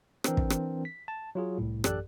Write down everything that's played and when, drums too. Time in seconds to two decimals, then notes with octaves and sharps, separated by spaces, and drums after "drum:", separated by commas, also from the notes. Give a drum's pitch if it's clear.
0.24 E3 C4 D4 A#4, drum: rim click
0.37 drum: kick
0.50 drum: rim click
0.85 B6
1.08 A5
1.35 F#3 F4 G#4
1.58 C2 A2
1.84 A1 F#2 G4 A4 D5 F#6, drum: rim click